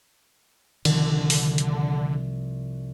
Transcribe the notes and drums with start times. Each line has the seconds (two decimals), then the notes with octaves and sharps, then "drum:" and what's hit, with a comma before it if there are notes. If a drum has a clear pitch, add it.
0.85 C2 D3 D#3 F3, drum: cymbal
1.30 drum: open hi-hat
1.58 drum: hi-hat